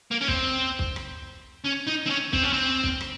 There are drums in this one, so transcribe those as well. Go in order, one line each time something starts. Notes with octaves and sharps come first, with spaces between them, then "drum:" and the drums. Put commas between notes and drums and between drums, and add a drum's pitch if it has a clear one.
A#3
C#4
C4, drum: kick
drum: kick
drum: rim click
C#4
D#4
C4
C#4
C4, drum: kick
C#4
C4
drum: kick
drum: rim click